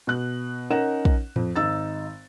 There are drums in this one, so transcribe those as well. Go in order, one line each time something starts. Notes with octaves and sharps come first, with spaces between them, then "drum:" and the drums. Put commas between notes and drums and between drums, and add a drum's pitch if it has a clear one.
B2 F#6
C#4 D#4 A#4 F#5 E7
drum: kick
F2, drum: tom A2
G#1 D#4 E6 A6